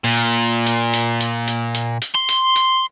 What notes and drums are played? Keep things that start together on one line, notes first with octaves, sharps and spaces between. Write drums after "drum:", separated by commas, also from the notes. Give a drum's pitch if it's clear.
A#2
drum: hi-hat
drum: hi-hat
drum: hi-hat
drum: hi-hat
drum: hi-hat
drum: hi-hat
C6
drum: hi-hat
drum: hi-hat